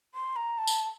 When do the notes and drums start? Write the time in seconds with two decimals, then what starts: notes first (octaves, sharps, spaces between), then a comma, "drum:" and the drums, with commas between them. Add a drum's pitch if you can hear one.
0.15 C6
0.36 A#5
0.58 A5
0.67 drum: tambourine